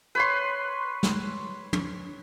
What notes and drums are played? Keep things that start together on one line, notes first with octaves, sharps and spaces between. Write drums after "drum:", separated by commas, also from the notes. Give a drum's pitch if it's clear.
B4 C#5 C6
drum: snare
drum: tom